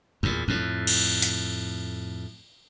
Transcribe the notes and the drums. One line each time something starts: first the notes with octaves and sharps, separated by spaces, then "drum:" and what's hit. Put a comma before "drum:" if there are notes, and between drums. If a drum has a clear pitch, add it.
E2 A#2
F2 A2
drum: cymbal
drum: hi-hat